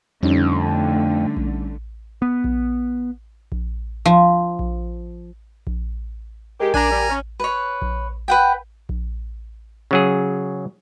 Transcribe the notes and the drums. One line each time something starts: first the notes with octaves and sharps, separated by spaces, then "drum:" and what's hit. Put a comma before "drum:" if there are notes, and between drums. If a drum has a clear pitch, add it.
F2 D3 G3 A3 C#4 D#4
drum: kick A#1
B3
drum: kick A#1
drum: kick A#1
F3
drum: kick A#1
drum: kick A#1
G#3 G4 A#4
D4 G#5 A#5, drum: kick A#1
G3
C#4
B4 C#5
drum: kick A#1
B4 F#5 G5
drum: kick A#1
C#3 F#3 G#4